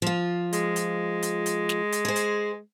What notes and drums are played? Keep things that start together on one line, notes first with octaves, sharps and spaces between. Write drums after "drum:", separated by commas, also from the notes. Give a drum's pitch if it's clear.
F3 F4
G#3, drum: hi-hat
drum: hi-hat
drum: hi-hat
drum: hi-hat
drum: snare
drum: hi-hat
G#4 C5
drum: hi-hat